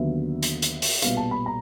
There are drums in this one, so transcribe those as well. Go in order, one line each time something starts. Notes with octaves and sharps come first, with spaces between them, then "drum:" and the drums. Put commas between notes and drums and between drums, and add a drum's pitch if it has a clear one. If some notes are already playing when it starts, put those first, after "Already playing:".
Already playing: D#2 D3 F#3 B3 E5
drum: hi-hat
drum: hi-hat
drum: open hi-hat
B1 A#2 G3 B3 F5, drum: hi-hat
A5
B5
A#5